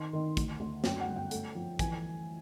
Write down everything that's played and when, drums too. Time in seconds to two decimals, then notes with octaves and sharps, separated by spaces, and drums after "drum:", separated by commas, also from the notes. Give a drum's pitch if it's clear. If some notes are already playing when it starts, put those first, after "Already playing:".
Already playing: D#3 C6
0.13 D#3
0.37 D2, drum: kick, hi-hat
0.60 D2
0.84 F#2 G5, drum: snare
1.00 F#5
1.08 G1
1.16 G5
1.31 A3, drum: hi-hat
1.55 F3
1.79 E3 G#5, drum: kick, hi-hat